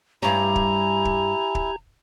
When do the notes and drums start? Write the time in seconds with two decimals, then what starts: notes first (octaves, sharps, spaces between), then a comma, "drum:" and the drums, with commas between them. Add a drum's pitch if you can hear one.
0.22 G2 C#4 E4 G4 G#5 A#5
0.56 drum: kick
1.05 drum: kick
1.55 drum: kick